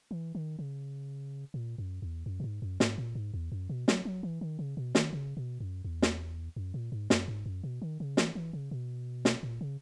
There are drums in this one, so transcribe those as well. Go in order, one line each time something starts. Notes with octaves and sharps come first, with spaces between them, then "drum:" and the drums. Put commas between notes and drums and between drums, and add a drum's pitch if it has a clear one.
E3
D#3
C#3
A#2
F#2
E2
F#2
A#2
G#2
F#2
G#2, drum: snare
A#2
G#2
E2
F#2
B2
F#3, drum: snare
F#3
E3
D#3
C#3
B2
D#3, drum: snare
C#3
B2
F#2
E2
drum: snare
F#2
A#2
G#2
F#2, drum: snare
G#2
F#2
B2
D#3
C#3
E3, drum: snare
E3
C#3
B2
drum: snare
A#2
C#3